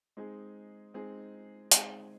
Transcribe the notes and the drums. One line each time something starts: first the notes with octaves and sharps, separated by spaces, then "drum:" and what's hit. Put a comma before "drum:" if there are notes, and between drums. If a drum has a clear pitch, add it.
G#3 C4 D#4 G#4
G#3 C4 D#4 G#4
G#3 C4 D#4 G#4, drum: hi-hat